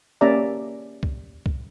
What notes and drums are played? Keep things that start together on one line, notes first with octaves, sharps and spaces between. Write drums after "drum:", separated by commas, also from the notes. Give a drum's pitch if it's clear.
A#3 C#4 G4 D5 E5 A#5
drum: kick C2
drum: kick C2